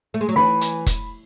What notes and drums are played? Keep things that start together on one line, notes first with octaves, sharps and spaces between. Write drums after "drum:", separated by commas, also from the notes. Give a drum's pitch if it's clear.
A3
G#3
F#3
E3 B5
drum: hi-hat
drum: kick F1, hi-hat